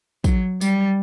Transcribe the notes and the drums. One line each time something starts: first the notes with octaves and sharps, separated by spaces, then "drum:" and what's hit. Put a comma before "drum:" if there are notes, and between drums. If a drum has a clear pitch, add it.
F#3, drum: kick, tambourine
G3, drum: tambourine